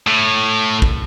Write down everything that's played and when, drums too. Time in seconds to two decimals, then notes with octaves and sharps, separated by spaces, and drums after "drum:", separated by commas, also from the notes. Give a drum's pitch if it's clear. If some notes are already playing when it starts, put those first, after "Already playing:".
0.07 A2
0.82 drum: kick